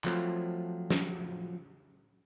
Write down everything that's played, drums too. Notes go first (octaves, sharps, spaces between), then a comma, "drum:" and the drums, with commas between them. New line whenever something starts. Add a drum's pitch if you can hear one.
F3 F#3 A3 C4 F4, drum: clap
drum: snare